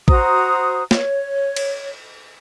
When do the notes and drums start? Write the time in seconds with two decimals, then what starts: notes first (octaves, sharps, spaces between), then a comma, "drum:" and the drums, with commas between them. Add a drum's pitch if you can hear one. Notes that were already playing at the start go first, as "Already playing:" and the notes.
0.08 F#4 C5 A#5 D#6, drum: kick A1
0.91 C#5, drum: snare
1.56 drum: cymbal